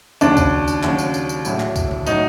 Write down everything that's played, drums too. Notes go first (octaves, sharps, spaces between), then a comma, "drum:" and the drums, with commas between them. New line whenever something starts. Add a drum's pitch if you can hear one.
D#2 C#3 F#3 D4, drum: tambourine
drum: kick C2, tambourine
drum: tambourine
D#2 C#3 F#3, drum: clap
drum: tambourine
drum: tambourine
drum: tambourine
A#1 A2 F#3, drum: tambourine
drum: clap
drum: kick C2, tambourine
drum: tom D3
A2 F#3 D#4, drum: tambourine